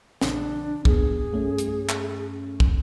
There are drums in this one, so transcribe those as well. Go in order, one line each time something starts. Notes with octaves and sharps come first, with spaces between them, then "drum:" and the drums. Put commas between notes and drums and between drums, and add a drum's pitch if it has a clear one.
A#1 C#3 E3 D4, drum: snare
F2 B3 G#4, drum: kick
G2 A3 C#4
drum: hi-hat
drum: clap
drum: kick